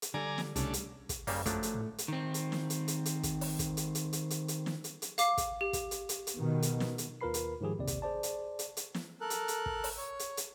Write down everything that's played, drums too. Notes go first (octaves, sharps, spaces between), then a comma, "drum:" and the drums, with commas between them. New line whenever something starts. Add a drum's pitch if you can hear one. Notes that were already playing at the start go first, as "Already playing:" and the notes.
drum: hi-hat
D3 G3 A4 D5 G#5 A#5
drum: snare
C2 C#3 G3 A3 D4, drum: hi-hat
drum: hi-hat
drum: kick, hi-hat
F#2 C#3 G3 A#3, drum: open hi-hat
F3 F#3 A3 D4, drum: kick, hi-hat
drum: hi-hat
A2
drum: hi-hat
D#3 C4
drum: hi-hat
drum: snare
drum: hi-hat
drum: hi-hat
drum: hi-hat
drum: kick, hi-hat
drum: open hi-hat
drum: kick, hi-hat
drum: hi-hat
drum: hi-hat
drum: hi-hat
drum: hi-hat
drum: hi-hat
drum: snare
drum: hi-hat
drum: hi-hat
F5 D6 C7, drum: hi-hat
drum: kick, hi-hat
G4
drum: kick, hi-hat
drum: hi-hat
drum: hi-hat
drum: hi-hat
B2 D#3
drum: hi-hat
drum: snare
drum: hi-hat
D#2 F4 A#4 B4 B5 C7
drum: hi-hat
G#2 D#3 F3 G4 G#4
D#2 C3 D5
drum: kick, hi-hat
G#4 C5 D5 A5
drum: hi-hat
drum: hi-hat
drum: hi-hat
drum: snare
A4 A#4 F#6
drum: hi-hat
drum: hi-hat
drum: kick
drum: open hi-hat
C#5
drum: hi-hat
drum: hi-hat